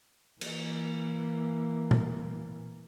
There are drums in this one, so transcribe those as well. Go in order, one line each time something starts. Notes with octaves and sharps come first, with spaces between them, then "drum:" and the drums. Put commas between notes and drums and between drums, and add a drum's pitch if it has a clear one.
E3 A#3, drum: cymbal
drum: tom A#2